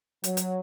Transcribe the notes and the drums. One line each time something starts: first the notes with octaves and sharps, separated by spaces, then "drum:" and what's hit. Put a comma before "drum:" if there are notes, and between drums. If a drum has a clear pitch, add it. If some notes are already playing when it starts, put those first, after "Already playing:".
F#3, drum: hi-hat
drum: hi-hat